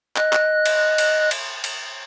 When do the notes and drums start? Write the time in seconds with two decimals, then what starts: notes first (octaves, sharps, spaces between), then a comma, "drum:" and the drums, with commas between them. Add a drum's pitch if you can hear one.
0.16 D#5 F#6, drum: clap
0.33 drum: clap
0.66 drum: cymbal
0.98 drum: cymbal
1.31 drum: cymbal
1.64 drum: cymbal